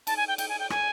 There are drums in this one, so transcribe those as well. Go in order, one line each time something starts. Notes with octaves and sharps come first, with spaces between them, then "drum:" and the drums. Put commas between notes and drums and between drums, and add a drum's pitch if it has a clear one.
A5, drum: cymbal
G#5
G5
G5, drum: cymbal
G#5
G5
G#5, drum: rim click